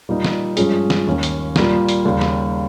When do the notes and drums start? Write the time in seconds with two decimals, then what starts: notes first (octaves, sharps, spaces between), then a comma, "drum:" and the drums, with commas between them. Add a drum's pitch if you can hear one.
0.09 A#2 G3 A#3 D#4
0.24 drum: snare
0.57 G2 F3 G#3 C#4 G#4, drum: hi-hat
0.90 drum: snare
1.07 D#2 D#3 A#3 C#4
1.23 drum: hi-hat
1.56 A#2 G3 A#3 F4 A#4, drum: snare
1.89 drum: hi-hat
2.05 D#2 C#3 G3 A#3
2.21 drum: snare